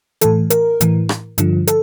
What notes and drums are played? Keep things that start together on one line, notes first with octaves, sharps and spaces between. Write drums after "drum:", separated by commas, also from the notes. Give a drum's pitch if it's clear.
A2 E3 A4, drum: hi-hat
A#4, drum: hi-hat
A2 E3, drum: hi-hat
drum: rim click
G2 D3 F3, drum: hi-hat
A4, drum: hi-hat